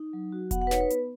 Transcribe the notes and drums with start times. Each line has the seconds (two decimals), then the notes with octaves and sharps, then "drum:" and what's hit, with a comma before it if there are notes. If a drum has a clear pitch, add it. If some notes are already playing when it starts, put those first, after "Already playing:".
Already playing: D#4
0.13 F#3
0.32 F#4
0.51 B3 F#5, drum: kick E1, hi-hat
0.62 F#5
0.67 B4
0.71 D#4 C#5, drum: snare
0.81 B4
0.90 B3, drum: hi-hat